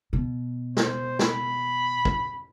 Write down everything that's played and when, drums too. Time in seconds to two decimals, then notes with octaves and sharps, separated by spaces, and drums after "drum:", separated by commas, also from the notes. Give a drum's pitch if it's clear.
0.13 B2
0.77 C5, drum: snare
1.19 B5, drum: snare
2.05 drum: kick